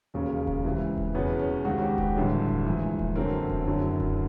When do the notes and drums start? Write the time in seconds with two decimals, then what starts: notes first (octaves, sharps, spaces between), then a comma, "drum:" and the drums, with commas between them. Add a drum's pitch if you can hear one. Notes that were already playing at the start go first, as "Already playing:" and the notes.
0.14 E1 D#2 C#3 C#4
0.47 drum: kick D#1
0.64 C#2 C3 E3
0.98 drum: kick D#1
1.14 E2 B2 G#3 B3 C#4
1.39 C#4
1.65 C#2 C3 D#3 F#4
1.82 G4
1.98 G4, drum: kick D#1
2.16 A1 G2 D3 F#3 A3
2.49 drum: kick D#1
2.66 A#1 G#2 E3
2.99 drum: kick D#1
3.15 F#2 D3 F#3 A3 C4 A#4
3.50 drum: kick D#1
3.66 F#1 F#2 D3 F#3
4.00 drum: kick D#1